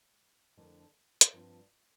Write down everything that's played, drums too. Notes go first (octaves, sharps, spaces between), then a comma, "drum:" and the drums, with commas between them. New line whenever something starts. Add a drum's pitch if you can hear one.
F2 D3 A3 E4 A#4
drum: hi-hat
G2 F3 C4 F4